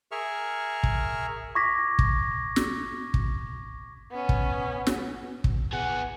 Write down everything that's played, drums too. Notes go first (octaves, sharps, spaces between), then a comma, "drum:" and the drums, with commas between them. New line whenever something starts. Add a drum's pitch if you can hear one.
G#4 A#4 E5 C#6 F6
drum: kick
C#6 D6 G#6 A#6 B6
drum: kick
drum: snare
drum: kick
B3 C#4
drum: kick
drum: snare
drum: kick
B3 G#4 F#5